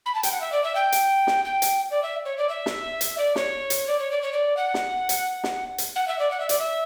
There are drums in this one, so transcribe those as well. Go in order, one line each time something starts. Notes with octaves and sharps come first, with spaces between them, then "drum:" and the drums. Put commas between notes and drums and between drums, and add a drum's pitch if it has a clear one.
B5
A5
G5, drum: hi-hat
F#5
E5
D5
E5
G5
drum: hi-hat
drum: snare
G5
drum: hi-hat
D5
E5
C#5
D5
E5
drum: snare
drum: hi-hat
D5
C#5, drum: snare
drum: hi-hat
D5
C#5
D5
C#5
D5
F#5
drum: snare
drum: hi-hat
drum: snare
drum: hi-hat
F#5
E5
D5
F#5
E5
D5, drum: hi-hat
E5